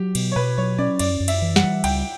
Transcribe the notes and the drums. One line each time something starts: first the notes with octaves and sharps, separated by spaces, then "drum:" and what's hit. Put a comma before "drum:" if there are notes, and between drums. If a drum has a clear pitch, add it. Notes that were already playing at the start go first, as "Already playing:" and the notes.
Already playing: F#3 G4
B2, drum: cymbal
C#5
B2 B4
F#3 C#5
C#4 D5
F#2 D5, drum: cymbal
F#2
E5, drum: cymbal
E3
F#5, drum: snare
G3
C#2 G5, drum: cymbal